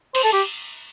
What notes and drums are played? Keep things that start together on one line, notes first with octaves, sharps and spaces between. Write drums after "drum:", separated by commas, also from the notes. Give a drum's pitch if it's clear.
C5, drum: cymbal
A4
G4